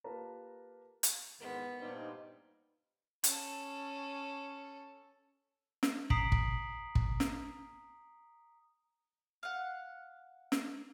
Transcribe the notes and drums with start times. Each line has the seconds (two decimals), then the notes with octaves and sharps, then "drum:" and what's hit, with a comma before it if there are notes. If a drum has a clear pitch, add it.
0.04 A#3 F4 G4 B4 A5 A#5
1.03 drum: hi-hat
1.40 E2 G#2 D#3 B3
1.80 G2 A#2 G3 D#4 C5
3.24 C#4 A4, drum: hi-hat
5.83 drum: snare
6.10 A#5 D#6 B6 C7 D7 F#7, drum: kick
6.32 drum: kick
6.95 drum: kick
7.20 drum: snare
9.43 F5 F#5
10.52 drum: snare